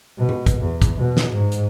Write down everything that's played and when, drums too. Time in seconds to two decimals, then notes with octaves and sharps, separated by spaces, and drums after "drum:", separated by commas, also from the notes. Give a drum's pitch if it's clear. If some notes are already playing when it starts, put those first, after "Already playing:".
0.18 B2
0.29 drum: tom B2
0.46 drum: kick, hi-hat
0.62 E2
0.82 drum: kick, hi-hat
0.97 B2
1.17 drum: snare
1.34 G#2
1.52 drum: hi-hat